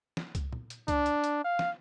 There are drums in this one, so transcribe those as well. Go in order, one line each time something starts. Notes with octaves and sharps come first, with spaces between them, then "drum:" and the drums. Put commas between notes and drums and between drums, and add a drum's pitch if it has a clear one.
drum: snare
drum: kick C#2, hi-hat
drum: tom A#2
drum: hi-hat
D4, drum: kick C#2, hi-hat
drum: hi-hat
drum: hi-hat
F5
drum: snare